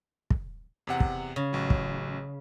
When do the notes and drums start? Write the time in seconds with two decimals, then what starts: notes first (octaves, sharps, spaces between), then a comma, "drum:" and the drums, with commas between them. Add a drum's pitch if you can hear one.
0.30 drum: kick
0.87 E2 C3 F#5
1.00 drum: kick
1.36 C#3
1.53 A1 F#3
1.70 drum: kick